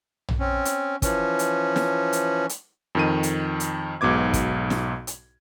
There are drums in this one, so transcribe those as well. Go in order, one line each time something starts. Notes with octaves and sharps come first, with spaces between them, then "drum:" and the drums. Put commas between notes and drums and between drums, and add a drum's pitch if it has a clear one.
drum: tom A#1
C4 C#4
drum: hi-hat
E3 F3 C#4, drum: kick, hi-hat
drum: hi-hat
drum: snare
drum: hi-hat
drum: hi-hat
F2 D#3 D#7
drum: hi-hat
drum: hi-hat
B1 G#2 B2 D6 G#6
drum: kick, hi-hat
drum: snare
drum: hi-hat